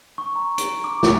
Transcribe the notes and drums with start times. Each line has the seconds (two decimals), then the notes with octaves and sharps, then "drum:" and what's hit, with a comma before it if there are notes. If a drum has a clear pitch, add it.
0.18 C#6
0.36 A#5
0.58 D7, drum: hi-hat
0.84 D6
1.03 drum: snare